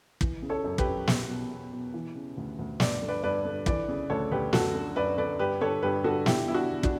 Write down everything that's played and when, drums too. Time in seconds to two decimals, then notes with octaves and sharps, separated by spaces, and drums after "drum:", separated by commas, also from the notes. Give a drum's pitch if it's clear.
0.21 E3, drum: kick
0.42 C#3
0.49 A4 C#5
0.64 F#2
0.78 G4 B4, drum: kick
0.86 F#2
1.07 E2, drum: snare
1.29 B2
1.51 E2
1.73 B2
1.94 E3
2.15 C#3
2.37 D2
2.59 D2
2.80 G2 D5, drum: snare
3.02 D3
3.08 B4 D5
3.23 G2 B4 D5
3.45 D3
3.66 E3 B4 D5, drum: kick
3.88 C#3
4.10 D2 A4 C#5
4.31 D2 G4 B4
4.53 F#2 F#4 A4, drum: snare
4.75 D3
4.96 F#2 B4 D5
5.18 D3 B4 D5
5.39 G2 G4 B4
5.61 D3 A4 C#5
5.83 G2 G4 B4
6.04 D3 F#4 A4
6.26 E2 E4 G4, drum: snare
6.47 B2 E4
6.54 D4 F#4
6.69 E2
6.83 D4 F#4, drum: kick